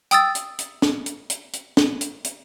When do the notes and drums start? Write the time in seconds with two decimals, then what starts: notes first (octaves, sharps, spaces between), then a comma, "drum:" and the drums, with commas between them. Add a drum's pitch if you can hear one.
0.11 G5 D#6 E6 A6, drum: hi-hat
0.35 drum: hi-hat
0.59 drum: hi-hat
0.82 drum: snare
1.06 drum: hi-hat
1.30 drum: hi-hat
1.53 drum: hi-hat
1.77 drum: snare
2.01 drum: hi-hat
2.25 drum: hi-hat